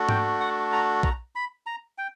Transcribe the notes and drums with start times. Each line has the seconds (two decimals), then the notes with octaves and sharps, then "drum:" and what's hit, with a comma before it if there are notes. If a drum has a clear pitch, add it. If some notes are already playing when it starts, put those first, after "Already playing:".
Already playing: A3 D4 F#4
0.09 G5, drum: tom G#2
0.40 F#5
0.72 A#5
1.03 A#5, drum: kick
1.35 B5
1.66 A#5
1.98 G5